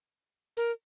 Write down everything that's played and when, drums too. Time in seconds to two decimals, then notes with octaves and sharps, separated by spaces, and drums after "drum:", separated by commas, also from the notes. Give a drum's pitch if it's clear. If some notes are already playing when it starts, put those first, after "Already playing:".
0.57 A#4, drum: hi-hat